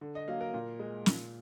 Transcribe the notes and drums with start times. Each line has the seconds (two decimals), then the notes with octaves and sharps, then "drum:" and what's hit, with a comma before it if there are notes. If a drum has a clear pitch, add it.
0.01 D3
0.15 D#5
0.28 F#3 A#3 F5
0.41 A#4
0.54 A#2
0.79 G#3
1.06 A#2, drum: snare